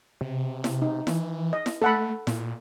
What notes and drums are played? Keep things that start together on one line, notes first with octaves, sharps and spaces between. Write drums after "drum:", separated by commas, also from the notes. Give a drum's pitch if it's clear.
C3
drum: snare E4
D#4
E3, drum: snare E4
D#5
drum: snare E4
A3 A4 F#5 B5
A#2, drum: snare E4